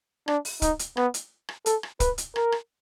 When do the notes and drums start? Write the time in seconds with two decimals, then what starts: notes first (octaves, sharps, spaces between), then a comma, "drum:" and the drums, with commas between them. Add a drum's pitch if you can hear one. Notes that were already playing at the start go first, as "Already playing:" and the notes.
0.28 D4, drum: rim click
0.45 drum: open hi-hat
0.62 D#4, drum: kick, hi-hat
0.79 drum: hi-hat
0.97 B3, drum: rim click
1.14 drum: hi-hat
1.49 drum: rim click
1.66 A4, drum: hi-hat
1.83 drum: rim click
2.00 B4, drum: kick, hi-hat
2.18 drum: hi-hat
2.36 A#4, drum: rim click
2.52 drum: rim click